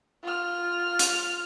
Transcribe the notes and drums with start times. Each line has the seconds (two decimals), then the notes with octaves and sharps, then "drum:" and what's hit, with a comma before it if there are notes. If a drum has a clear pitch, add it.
0.23 F4 F6
0.99 drum: hi-hat